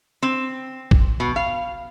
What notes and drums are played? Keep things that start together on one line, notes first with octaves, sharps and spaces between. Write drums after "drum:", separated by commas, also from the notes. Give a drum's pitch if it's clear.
C4
drum: kick
B2
F5